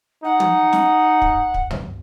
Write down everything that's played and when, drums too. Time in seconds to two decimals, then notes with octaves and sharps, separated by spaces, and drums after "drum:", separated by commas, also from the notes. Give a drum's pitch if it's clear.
0.24 D#4 F#5
0.40 drum: tom
0.73 drum: snare
1.22 drum: kick
1.54 drum: kick
1.71 drum: tom